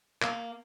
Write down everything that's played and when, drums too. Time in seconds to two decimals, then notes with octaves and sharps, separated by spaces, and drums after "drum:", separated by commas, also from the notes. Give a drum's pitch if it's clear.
0.22 A#3, drum: clap